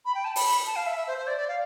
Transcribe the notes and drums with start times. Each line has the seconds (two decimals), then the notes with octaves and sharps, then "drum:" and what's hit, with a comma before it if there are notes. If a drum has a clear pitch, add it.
0.05 B5
0.15 G5
0.25 A5
0.36 B5, drum: open hi-hat
0.66 A5
0.76 F5
0.86 E5
0.97 E5
1.07 C5
1.18 C5
1.27 D5
1.38 D5
1.48 F5